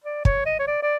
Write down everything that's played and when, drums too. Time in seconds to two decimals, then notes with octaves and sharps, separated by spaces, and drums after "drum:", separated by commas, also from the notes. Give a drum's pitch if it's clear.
0.04 D5
0.25 C#5, drum: kick
0.46 D#5
0.59 C#5
0.67 D5
0.83 D5